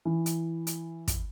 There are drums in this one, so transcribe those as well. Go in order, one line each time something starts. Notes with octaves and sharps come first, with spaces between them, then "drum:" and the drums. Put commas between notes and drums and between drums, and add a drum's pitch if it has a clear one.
E3
drum: hi-hat
drum: hi-hat
drum: kick, hi-hat